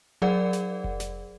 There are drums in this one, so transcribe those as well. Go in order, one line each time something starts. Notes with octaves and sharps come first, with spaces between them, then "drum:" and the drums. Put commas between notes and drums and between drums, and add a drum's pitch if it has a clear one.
F#3 G#4 A#4 D5 F#5
drum: snare
drum: kick F1
drum: snare